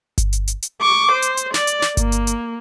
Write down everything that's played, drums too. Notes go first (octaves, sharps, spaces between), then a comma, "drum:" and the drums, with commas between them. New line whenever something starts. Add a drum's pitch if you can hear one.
drum: kick G1, hi-hat
drum: hi-hat
drum: hi-hat
drum: hi-hat
C#6 D6
C5
drum: hi-hat
drum: hi-hat
D5, drum: snare
drum: hi-hat
drum: snare
A#3, drum: kick G1, hi-hat
drum: hi-hat
drum: hi-hat